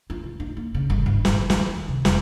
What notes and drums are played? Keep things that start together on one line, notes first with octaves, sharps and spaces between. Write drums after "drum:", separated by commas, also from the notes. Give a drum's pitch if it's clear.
F4
F1
D#4
A#3
C#3
G1
G1
D#1, drum: snare
D#3, drum: snare
D#2
C3
F1, drum: snare